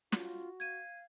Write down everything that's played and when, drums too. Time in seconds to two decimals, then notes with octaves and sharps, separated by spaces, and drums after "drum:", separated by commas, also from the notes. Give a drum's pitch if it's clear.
0.12 F4 F#4, drum: snare
0.60 F5 G#6 D#7